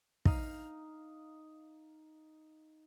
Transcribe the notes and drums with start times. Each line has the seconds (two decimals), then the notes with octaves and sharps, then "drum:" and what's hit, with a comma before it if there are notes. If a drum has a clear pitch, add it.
0.25 D#4 F5, drum: kick